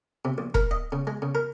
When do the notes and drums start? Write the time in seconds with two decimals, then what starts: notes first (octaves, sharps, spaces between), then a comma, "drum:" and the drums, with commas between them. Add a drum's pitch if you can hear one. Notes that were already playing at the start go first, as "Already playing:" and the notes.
0.25 C3
0.38 A#1
0.54 A#4, drum: kick E1
0.71 D#5
0.92 C#3
1.07 G#3
1.22 C#3
1.35 A#4